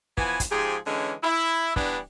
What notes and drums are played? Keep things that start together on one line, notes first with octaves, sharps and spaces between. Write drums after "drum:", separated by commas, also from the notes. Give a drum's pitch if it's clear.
E3 F3 B3 G#5, drum: kick
drum: kick, hi-hat
G#2 F3 G4 G#4
D3 E3 G#3 C#4
E4
E3 G3 B3 D4, drum: kick